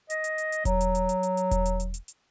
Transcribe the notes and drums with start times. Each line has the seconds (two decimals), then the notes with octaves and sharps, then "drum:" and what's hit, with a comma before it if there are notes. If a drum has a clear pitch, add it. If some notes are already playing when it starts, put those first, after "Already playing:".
0.10 D#5, drum: hi-hat
0.24 drum: hi-hat
0.38 drum: hi-hat
0.52 drum: hi-hat
0.65 F#3, drum: kick E1, hi-hat
0.81 drum: hi-hat
0.95 drum: hi-hat
1.09 drum: hi-hat
1.23 drum: hi-hat
1.37 drum: hi-hat
1.51 drum: kick E1, hi-hat
1.66 drum: hi-hat
1.80 drum: hi-hat
1.94 drum: hi-hat
2.08 drum: hi-hat